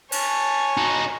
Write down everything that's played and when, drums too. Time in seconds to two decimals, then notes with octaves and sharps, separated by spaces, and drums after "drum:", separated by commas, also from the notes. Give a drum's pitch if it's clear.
0.12 C#5 G#5 A5, drum: cymbal
0.77 D#4 F#4